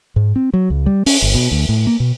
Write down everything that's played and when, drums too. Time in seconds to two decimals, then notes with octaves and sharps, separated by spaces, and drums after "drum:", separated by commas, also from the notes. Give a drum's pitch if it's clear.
0.16 G#2
0.36 C4
0.54 F#3
0.70 C#2
0.86 G3
1.06 C#4, drum: open hi-hat
1.22 G1
1.35 B2
1.51 D2
1.69 A2
1.87 A#3
2.00 B2